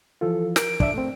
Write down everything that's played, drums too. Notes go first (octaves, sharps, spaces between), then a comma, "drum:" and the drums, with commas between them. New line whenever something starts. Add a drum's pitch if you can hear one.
E3 F3 F4 A4
A#4 D7, drum: snare
D4 D5 E5, drum: kick
A3 C4